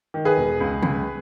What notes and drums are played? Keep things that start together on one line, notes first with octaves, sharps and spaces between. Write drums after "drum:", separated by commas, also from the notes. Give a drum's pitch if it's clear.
D#3
G#4 B4
E1
C#2
C#2, drum: tom C3